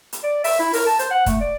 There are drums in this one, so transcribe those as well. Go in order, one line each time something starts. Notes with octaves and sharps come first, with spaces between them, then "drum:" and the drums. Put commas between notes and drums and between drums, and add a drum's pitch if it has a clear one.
drum: hi-hat
D5
E5, drum: open hi-hat
E4
A#4, drum: open hi-hat
A5
C5, drum: hi-hat
F#5
A3, drum: kick, hi-hat
D5